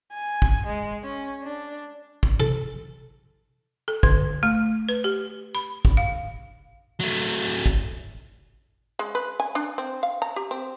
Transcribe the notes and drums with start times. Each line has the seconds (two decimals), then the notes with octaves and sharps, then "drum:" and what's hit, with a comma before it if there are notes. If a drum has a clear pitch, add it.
0.13 G#5
0.42 drum: kick
0.66 G#3
1.04 C#4
1.43 D4
2.23 drum: kick
2.40 A4
3.88 A4
4.03 D3, drum: kick
4.43 A3
4.89 B4
5.04 G4
5.55 B5
5.85 drum: kick
5.97 F5
7.00 F#3 A3
7.66 drum: kick
8.99 G#3
9.15 B4
9.40 G#5
9.55 D4
9.78 C4
10.03 F5
10.22 A#5
10.36 G4
10.51 C4